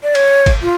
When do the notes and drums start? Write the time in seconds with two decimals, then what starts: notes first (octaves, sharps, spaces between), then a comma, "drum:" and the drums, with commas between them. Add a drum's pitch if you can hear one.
0.03 D5
0.15 C#5, drum: cymbal
0.46 drum: kick, cymbal
0.62 F4